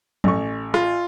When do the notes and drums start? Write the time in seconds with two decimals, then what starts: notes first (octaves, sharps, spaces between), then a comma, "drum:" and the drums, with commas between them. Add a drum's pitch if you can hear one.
0.24 A1 C#6, drum: tom
0.74 F4, drum: rim click